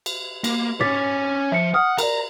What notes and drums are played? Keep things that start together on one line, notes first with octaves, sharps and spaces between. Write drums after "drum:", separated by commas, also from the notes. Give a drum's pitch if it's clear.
drum: cymbal
A#3, drum: cymbal
C#4 C#5 D6 A6 B6, drum: tom
F3 E5 C#7
F#5 D#6 F6
A#4 D5 A#5, drum: cymbal